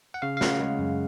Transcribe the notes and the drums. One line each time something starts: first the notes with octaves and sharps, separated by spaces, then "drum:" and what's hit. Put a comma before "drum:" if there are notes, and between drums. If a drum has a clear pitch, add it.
F#5
C#3 F5
F5
C#3 F#5, drum: snare
G#3
F#2